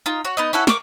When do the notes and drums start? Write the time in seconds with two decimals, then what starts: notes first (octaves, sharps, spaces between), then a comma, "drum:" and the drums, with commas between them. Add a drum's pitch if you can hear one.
0.06 D#4 F4
0.25 F#4 C#5
0.37 B3 D#4 D#5
0.53 C#4 E4 A4 F#5
0.67 A#4 C#6 D6, drum: snare